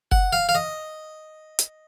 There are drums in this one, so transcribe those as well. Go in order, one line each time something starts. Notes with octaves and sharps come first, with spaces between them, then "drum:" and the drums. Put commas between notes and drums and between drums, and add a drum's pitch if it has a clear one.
F#5, drum: kick F#1
F5
F5
D#5
drum: hi-hat